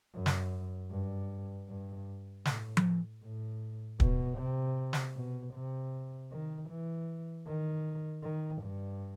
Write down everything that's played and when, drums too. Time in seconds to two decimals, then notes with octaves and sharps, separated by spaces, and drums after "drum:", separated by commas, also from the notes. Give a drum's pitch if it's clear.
0.14 F#2
0.26 drum: snare
0.91 G2
1.69 G2
2.45 A2, drum: snare
2.77 drum: tom F3
3.23 A2
4.00 B2, drum: kick
4.38 C3
4.93 drum: snare
5.15 B2
5.54 C3
6.31 D#3
6.70 E3
7.47 D#3
8.24 D#3
8.63 G2